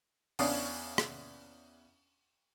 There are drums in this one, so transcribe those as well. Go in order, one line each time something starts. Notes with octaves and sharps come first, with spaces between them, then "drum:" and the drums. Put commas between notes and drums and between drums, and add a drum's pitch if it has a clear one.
E2 C#3 C#4 D4 F5 D#6, drum: open hi-hat
drum: rim click